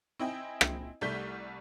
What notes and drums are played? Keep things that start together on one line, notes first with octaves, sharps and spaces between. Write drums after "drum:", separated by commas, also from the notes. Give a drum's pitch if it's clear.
C4 E4 D#5 G5 G#5
drum: rim click
C2 G3 A3 C#6 G6 B6